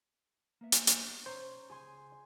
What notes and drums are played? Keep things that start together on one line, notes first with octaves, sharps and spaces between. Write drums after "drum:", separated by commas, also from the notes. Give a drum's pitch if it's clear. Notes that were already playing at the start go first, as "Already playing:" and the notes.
A#3 B3 E5
drum: hi-hat
drum: hi-hat
B1 C#4 C5 C#5 A#5
C#2 G#4 G#5 C6